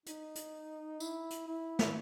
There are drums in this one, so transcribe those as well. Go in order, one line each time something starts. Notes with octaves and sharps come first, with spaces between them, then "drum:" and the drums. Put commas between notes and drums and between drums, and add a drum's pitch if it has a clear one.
D#4, drum: hi-hat
drum: hi-hat
E4, drum: tambourine
drum: hi-hat
E4
drum: snare